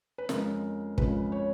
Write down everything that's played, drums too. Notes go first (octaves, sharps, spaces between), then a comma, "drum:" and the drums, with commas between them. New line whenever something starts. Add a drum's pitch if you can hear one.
B4
F2 C#3 F3 G#3 A#4, drum: snare
F2 C#3 F3 G#3 B4, drum: kick
C#5